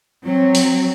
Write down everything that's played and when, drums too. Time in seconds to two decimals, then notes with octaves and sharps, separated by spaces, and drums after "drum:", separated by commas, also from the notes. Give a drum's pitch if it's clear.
0.24 F#3 C4
0.55 drum: open hi-hat